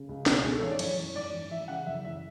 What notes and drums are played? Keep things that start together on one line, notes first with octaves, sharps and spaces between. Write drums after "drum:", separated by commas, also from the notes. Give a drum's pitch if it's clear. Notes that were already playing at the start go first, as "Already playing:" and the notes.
Already playing: C#3
C#2
B2, drum: snare
G#2 G#4
A4
E3 C#5
D5
F#2 C#5, drum: cymbal
E3
G#2 D5
E3
E3 E5
C#3 F#5
F#2 E5
E3 E5